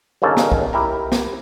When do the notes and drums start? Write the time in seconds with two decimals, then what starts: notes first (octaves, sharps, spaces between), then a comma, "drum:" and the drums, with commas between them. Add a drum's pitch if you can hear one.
0.22 G1 D#2 C#3 A#3 A4
0.37 drum: snare
0.52 drum: kick C2
0.73 E4 G4 A#4
1.12 drum: snare